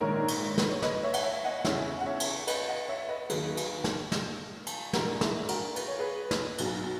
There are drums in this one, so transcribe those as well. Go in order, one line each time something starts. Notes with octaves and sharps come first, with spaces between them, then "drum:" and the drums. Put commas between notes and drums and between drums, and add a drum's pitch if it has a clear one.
A#1 G#2 D#3 A#4 C#5
drum: cymbal
B4, drum: snare
C#5
B4 D#5, drum: snare
C#5 E5
F#5, drum: cymbal
C#5 E5
D#5 F#5
F#5
E2 C#3 E3 C#5 E5, drum: snare
F#5
C#5 E5
drum: cymbal
B4 D#5, drum: cymbal
D#5 F#5
C#5 E5
B4 D#5
D#2 D#3 F#3 G#4 B4, drum: cymbal
drum: cymbal
drum: snare
drum: snare
drum: cymbal
A#1 G#2 E3 F#4 A#4, drum: snare
E4 G#4, drum: snare
F#4 A#4, drum: cymbal
B4, drum: cymbal
C#5
G#4 B4
drum: snare
B1 B2 F#3, drum: cymbal